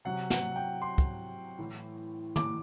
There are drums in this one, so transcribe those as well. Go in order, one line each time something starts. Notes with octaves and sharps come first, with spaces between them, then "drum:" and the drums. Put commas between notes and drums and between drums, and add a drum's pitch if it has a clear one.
C3 F#3 F#5
F#5, drum: snare
G5
C6
drum: kick
A2 E3
D6, drum: tom